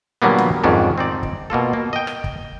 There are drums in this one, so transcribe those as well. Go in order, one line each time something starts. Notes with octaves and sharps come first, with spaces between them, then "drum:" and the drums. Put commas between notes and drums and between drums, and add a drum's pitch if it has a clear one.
A#2 D3 F#3 G3 A#3 B3
drum: tom
F2 G#2 D#3 C#4 D4
C4 D#4 D5
drum: kick
B2 A#3 F4 A4
A#3
D#5 G5
drum: rim click
drum: kick